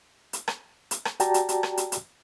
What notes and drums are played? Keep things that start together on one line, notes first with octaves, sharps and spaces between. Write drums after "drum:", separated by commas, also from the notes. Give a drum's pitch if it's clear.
drum: hi-hat
drum: rim click
drum: hi-hat
drum: rim click
F#4 G4 D5 G5 A5 A#5, drum: hi-hat
drum: hi-hat
drum: hi-hat
drum: rim click
drum: hi-hat
drum: hi-hat